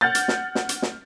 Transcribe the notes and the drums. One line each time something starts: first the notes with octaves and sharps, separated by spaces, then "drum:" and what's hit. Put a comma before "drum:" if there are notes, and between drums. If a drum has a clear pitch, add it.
F#5 F6 G6 A6
drum: hi-hat
drum: snare
drum: snare
drum: hi-hat
drum: snare